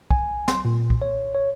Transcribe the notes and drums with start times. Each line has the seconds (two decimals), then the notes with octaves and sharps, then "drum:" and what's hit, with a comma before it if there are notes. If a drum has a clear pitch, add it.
0.11 G#5, drum: kick
0.48 C6, drum: snare
0.65 A#2
0.90 drum: kick
1.02 C#5
1.35 C#5